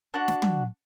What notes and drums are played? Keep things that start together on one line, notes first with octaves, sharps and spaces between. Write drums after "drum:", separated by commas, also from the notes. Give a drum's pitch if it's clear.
D4 F#4 F#5
drum: snare
drum: tom